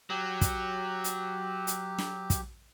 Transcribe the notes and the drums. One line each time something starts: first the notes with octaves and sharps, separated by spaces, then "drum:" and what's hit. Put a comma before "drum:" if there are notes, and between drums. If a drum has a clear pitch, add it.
F#3 G4
drum: kick, hi-hat
drum: hi-hat
drum: hi-hat
drum: snare
drum: kick, hi-hat